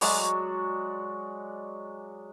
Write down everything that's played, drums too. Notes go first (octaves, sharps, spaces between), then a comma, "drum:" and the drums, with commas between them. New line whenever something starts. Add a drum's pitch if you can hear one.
F#3 G#3 F#4 D5, drum: open hi-hat